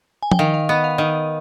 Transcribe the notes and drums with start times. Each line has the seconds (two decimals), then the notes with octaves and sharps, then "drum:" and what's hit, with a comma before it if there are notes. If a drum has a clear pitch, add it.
0.23 G#5
0.31 G5, drum: tom
0.39 D#3 F5
0.54 F5
0.69 B3 D#5
0.84 F5
0.98 D#3 D#5